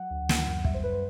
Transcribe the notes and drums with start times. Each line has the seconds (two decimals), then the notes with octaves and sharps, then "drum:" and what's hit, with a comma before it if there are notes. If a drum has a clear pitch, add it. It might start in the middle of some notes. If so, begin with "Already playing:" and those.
Already playing: F#3 F#5
0.10 D2
0.29 F#3, drum: snare
0.47 F#2
0.64 G3 E5, drum: kick
0.74 C5
0.83 F#2 B4
0.93 C5